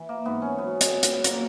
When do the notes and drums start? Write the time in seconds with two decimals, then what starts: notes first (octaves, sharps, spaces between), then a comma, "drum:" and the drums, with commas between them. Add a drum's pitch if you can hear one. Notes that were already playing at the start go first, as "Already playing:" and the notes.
Already playing: E3
0.09 A#3
0.25 G#2 B3
0.42 C#4
0.58 F#3 B3
0.81 drum: hi-hat
0.92 A#2
1.03 drum: hi-hat
1.24 F#3 A#3, drum: hi-hat